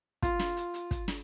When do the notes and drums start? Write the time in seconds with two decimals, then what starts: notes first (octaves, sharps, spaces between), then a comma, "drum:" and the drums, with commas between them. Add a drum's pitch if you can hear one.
0.22 F4, drum: kick, hi-hat
0.40 drum: snare
0.57 drum: hi-hat
0.74 drum: hi-hat
0.91 drum: kick, hi-hat
1.08 drum: snare